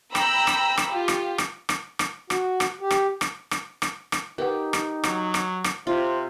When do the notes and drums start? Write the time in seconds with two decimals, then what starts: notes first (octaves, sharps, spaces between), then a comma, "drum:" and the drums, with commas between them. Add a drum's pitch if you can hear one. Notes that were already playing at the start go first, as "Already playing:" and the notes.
0.15 G5 A#5 B5 E6, drum: rim click
0.47 drum: rim click
0.77 drum: rim click
0.88 F4 G4
1.08 drum: rim click
1.38 drum: rim click
1.69 drum: rim click
1.99 drum: rim click
2.30 F#4, drum: rim click
2.60 drum: rim click
2.81 G4
2.90 drum: rim click
3.21 drum: rim click
3.51 drum: rim click
3.82 drum: rim click
4.12 drum: rim click
4.38 D#4 G4 A#4 B4 F#5
4.73 drum: rim click
5.04 F#3, drum: rim click
5.34 drum: rim click
5.64 drum: rim click
5.87 C3 F4 C5